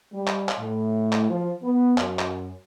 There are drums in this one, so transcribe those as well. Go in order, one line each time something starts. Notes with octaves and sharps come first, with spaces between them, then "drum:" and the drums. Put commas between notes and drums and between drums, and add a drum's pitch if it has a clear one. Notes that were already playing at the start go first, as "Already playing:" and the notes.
G3
drum: clap
drum: clap
A2
drum: clap
F3
B3
F#2, drum: clap
drum: clap